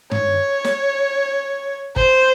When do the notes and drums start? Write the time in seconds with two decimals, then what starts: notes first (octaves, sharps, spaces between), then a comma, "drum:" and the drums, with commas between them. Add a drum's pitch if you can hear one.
0.11 C#5, drum: tom G2
0.64 drum: snare
1.96 C5, drum: kick